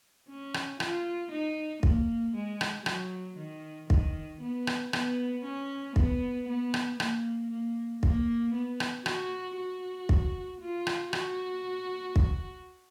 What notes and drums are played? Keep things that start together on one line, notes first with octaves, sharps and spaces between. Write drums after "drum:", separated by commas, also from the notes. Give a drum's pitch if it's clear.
C#4
drum: rim click
F4, drum: rim click
D#4
A#3, drum: kick
G#3
drum: rim click
F#3, drum: rim click
D#3
D#3, drum: kick
B3
drum: rim click
B3, drum: rim click
C#4
B3, drum: kick
B3
drum: rim click
A#3, drum: rim click
A#3
A#3, drum: kick
B3
drum: rim click
F#4, drum: rim click
F#4
drum: kick
F4
drum: rim click
F#4, drum: rim click
drum: kick